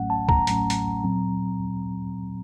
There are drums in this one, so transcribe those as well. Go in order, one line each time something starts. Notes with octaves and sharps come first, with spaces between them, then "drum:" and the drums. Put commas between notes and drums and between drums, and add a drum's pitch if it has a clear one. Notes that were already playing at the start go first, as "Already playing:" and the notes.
Already playing: A1 A2 F#3 A3 C#4 F#5
A5
A#5, drum: kick
A1 A2 F#3 A3 C#4, drum: hi-hat
drum: hi-hat
A#2 F#3 C4